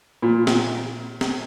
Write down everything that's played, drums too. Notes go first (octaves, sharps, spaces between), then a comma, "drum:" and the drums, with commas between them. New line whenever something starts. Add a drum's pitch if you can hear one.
A#2
drum: snare
drum: snare